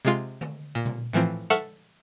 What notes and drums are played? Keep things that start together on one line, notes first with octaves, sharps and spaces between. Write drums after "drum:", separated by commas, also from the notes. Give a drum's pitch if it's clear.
C3 G#3 F4, drum: hi-hat
drum: tom D3
A#2
drum: tom A#2
A2 E3 F3 C4
A4 E5 F#5 C#6 F6 A6, drum: snare